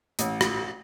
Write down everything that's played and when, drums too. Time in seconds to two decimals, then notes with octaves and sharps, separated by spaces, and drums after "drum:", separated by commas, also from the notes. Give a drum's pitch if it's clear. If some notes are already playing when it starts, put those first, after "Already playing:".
0.19 A1, drum: hi-hat
0.41 drum: rim click